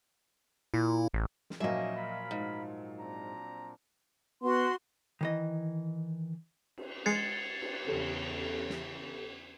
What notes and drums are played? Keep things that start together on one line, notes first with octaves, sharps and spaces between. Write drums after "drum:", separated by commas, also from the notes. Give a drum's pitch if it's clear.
A#2 E4
A1
drum: snare
A#2 F3 F#3 A#3 C#4 D#4 D#5 E5
A#4 F5 B5
G#2
C4 D4 A#5
B3 F#4 C6
D#3 E3 D#5
drum: cymbal
G#3 G#6 A6 C7 C#7, drum: snare
drum: cymbal
E2 C#3 G4 A4
drum: snare